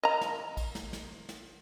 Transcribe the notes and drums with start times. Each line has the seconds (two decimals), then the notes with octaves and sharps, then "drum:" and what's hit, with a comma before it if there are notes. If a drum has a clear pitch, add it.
0.03 D#5 A#5
0.21 drum: snare
0.57 drum: kick, cymbal
0.75 drum: snare
0.93 drum: snare
1.29 drum: snare